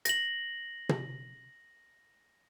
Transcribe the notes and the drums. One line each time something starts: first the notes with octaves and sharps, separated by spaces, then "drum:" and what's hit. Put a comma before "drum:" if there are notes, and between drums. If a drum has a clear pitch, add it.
A#6 F#7, drum: hi-hat
drum: tom